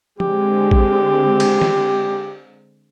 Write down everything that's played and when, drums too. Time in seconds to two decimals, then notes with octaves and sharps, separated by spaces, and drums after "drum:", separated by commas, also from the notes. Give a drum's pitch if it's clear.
0.20 D3 G#3 C4 G4, drum: tom F3
0.71 drum: kick
1.40 drum: cymbal
1.61 drum: snare